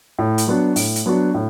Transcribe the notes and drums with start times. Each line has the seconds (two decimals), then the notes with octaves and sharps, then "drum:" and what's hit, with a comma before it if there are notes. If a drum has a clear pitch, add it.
0.19 A2
0.38 drum: hi-hat
0.47 F#3 B3 D4 F#4
0.76 A2, drum: open hi-hat
0.96 drum: hi-hat
1.06 F#3 B3 D4 F#4
1.34 A2